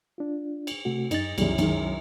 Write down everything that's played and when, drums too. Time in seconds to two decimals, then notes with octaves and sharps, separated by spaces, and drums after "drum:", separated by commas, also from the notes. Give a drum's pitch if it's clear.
0.18 D4 F4
0.67 drum: cymbal
0.85 C3 A3 F#4
1.11 F#2 D#4 A6, drum: cymbal
1.38 C2 F#2 C#3 F#3 G3 E4, drum: cymbal
1.58 F#2 D#3 G#3, drum: cymbal